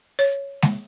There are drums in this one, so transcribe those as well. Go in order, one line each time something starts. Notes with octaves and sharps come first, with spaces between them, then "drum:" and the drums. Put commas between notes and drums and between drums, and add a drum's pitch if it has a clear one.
C#5
drum: snare G#3